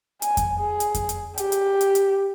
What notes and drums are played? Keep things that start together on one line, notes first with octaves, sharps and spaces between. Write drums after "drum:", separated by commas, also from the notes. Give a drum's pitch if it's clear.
G#5, drum: hi-hat
drum: kick F2, hi-hat
G#4
drum: hi-hat
drum: kick F2, hi-hat
drum: hi-hat
G4, drum: hi-hat
drum: hi-hat
drum: hi-hat
drum: hi-hat